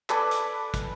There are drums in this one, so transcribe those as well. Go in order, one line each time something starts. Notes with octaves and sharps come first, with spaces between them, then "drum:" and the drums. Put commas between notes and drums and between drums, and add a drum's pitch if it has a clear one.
A4 B4 D5 G#5, drum: clap
drum: hi-hat
drum: kick, hi-hat